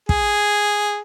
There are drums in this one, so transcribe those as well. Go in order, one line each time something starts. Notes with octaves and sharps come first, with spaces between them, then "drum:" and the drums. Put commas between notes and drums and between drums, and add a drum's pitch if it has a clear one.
G#4, drum: kick